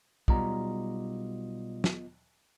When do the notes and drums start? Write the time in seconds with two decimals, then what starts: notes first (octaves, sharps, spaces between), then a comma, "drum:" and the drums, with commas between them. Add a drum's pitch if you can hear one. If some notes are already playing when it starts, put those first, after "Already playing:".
0.28 B1 G3 B3 F4 D#5 A#5, drum: kick
1.84 drum: snare